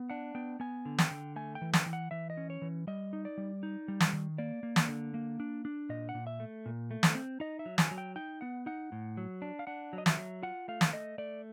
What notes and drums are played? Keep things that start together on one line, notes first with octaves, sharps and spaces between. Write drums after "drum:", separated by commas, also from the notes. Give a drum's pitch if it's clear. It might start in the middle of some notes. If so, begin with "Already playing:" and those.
Already playing: B3
D4 F#5
B3 G5
B3 G#5
D3
G5, drum: snare
D3
A3 G#5
G5
E3
G5, drum: snare
E3
F#5
E3 E5
D#5
C#4
C#5
E3
G3 D#5
D#4
D5
G3
D#4
G3
drum: snare
D#3
A#3 D5
A#3
drum: snare
D3
A#3
D4
D4
A#2 D#5
F#5
A#2
E5
A3
A#2
A3
drum: snare
C4
D#4 D#5
E5
F#3
G#5, drum: snare
F#3
G5
D#4 G5
B3 F#5
D#4 F#5
A2
F#3
D4
F5
D4 F#5
F#3
D#5
E5, drum: snare
F#3
F4 F#5
A3 F5
drum: snare
A3 D#5
A3 D5